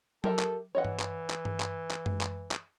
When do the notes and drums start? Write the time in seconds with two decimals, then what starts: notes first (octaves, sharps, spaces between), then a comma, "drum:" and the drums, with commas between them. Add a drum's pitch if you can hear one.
0.24 G4 A4 A#4 E5, drum: tom F#3
0.39 drum: clap
0.75 E3 C#5 D#5 F#5
0.85 drum: tom G2
1.00 drum: clap
1.30 drum: clap
1.45 drum: tom G2
1.60 drum: clap
1.91 drum: clap
2.06 drum: tom F#2
2.21 drum: clap
2.51 drum: clap